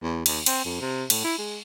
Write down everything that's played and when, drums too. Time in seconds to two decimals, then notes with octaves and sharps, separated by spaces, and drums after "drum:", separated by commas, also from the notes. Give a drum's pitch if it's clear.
0.02 E2
0.26 D#2, drum: cymbal
0.46 C4, drum: cymbal
0.65 F2
0.81 C3
1.10 A2, drum: cymbal
1.24 E4
1.39 G#3